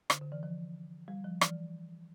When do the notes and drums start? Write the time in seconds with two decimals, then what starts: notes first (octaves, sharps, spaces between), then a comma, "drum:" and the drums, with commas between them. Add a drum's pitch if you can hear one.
0.10 D3, drum: rim click
0.21 D3
0.32 E3
0.43 F3
1.08 G3
1.24 F3
1.41 E3, drum: rim click